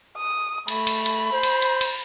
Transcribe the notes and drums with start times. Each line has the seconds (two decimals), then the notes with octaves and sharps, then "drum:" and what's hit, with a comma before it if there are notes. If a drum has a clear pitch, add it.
0.18 D#6
0.68 A3 B5, drum: cymbal
0.87 drum: cymbal
1.06 drum: cymbal
1.33 C5
1.43 drum: cymbal
1.62 drum: cymbal
1.81 drum: cymbal